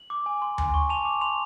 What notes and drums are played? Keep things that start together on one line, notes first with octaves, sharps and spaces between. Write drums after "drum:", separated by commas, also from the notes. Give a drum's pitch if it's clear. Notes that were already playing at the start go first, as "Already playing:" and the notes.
Already playing: F#7
D6
G#5
C6
G#5, drum: tom D2
C#6
A5 F7
D6
C6 F7